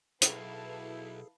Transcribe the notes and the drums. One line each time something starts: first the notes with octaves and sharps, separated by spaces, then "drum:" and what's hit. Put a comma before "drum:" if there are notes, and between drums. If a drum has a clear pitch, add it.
B1 E4 G#4 A4 B4 F5 A5, drum: hi-hat